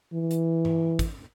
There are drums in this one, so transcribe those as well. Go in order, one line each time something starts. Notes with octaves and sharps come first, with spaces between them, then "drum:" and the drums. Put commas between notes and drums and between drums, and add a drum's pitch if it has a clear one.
E3
drum: hi-hat
drum: tom G2
drum: kick, hi-hat